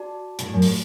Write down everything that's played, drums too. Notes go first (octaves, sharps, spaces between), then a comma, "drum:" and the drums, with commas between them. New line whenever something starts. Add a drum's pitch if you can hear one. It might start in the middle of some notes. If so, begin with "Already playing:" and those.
Already playing: F#4 D5 A5
B2, drum: hi-hat
A2
F#2
A2, drum: open hi-hat